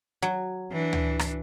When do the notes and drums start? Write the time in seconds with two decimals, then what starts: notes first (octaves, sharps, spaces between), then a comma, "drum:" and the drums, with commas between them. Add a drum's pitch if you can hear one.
0.22 F#3
0.71 E3 D4
0.93 drum: tom D2
1.19 drum: rim click